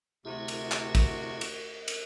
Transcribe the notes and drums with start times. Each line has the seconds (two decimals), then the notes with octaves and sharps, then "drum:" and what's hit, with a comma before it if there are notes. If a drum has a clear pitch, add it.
0.25 D2 C3 E4 F#4 G#4
0.48 drum: cymbal
0.71 drum: clap
0.95 drum: kick, cymbal
1.41 drum: cymbal
1.88 drum: cymbal